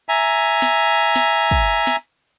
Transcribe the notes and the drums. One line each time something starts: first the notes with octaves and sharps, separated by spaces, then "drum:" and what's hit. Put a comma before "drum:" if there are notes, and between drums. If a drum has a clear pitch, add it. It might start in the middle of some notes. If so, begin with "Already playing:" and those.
E5 G#5 A#5
drum: snare
drum: snare
drum: kick
drum: snare